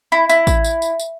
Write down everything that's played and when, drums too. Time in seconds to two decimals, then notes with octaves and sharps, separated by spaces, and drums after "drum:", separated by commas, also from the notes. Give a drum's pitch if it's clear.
0.12 E4
0.29 E4, drum: tambourine
0.47 drum: kick A1, tambourine
0.64 drum: tambourine
0.82 drum: tambourine
1.00 drum: tambourine